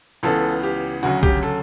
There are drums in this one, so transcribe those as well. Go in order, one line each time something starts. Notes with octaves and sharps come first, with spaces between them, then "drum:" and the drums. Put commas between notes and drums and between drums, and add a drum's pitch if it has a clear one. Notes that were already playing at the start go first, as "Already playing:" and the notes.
C#2 C#3 E3 B3 A4
G4
D2 C#3 F#3 F#4
G4, drum: kick B1
A4